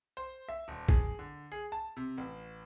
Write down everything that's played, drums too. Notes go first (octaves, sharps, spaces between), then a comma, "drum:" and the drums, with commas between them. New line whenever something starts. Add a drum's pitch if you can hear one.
C5
E5
D#1
G#4, drum: kick A#1
D3
G#4
A5
C3
A1